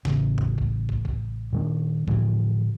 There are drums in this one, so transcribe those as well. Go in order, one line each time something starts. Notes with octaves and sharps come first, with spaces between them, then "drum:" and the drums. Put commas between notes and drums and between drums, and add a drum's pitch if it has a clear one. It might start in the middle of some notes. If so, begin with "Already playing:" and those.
A1 C#3, drum: snare
drum: tom E2
drum: kick
drum: kick
drum: kick
A#2 D#3 G3 D4
A2 D3 E3 F3, drum: kick